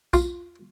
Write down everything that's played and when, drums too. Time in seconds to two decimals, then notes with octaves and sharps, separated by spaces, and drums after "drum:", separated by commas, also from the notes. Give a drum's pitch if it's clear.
0.13 F4, drum: kick B1, tambourine